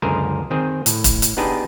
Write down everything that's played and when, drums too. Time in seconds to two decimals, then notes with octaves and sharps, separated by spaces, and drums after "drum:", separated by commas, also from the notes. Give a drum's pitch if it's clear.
0.02 C#2 F#2 D3 G#4 A#4 C5
0.50 D#3 C4 G#4
0.86 A2, drum: hi-hat
1.04 drum: kick, hi-hat
1.22 drum: hi-hat
1.37 B3 D4 D#4 G4 G#4 B4